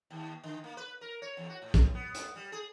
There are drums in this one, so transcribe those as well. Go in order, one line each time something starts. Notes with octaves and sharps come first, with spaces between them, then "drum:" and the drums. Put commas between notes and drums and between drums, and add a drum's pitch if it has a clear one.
D#2
D3
A#3
B4
A#4
C#5
E2
F#4
A2
drum: kick, hi-hat
B3
drum: hi-hat
G3
G#4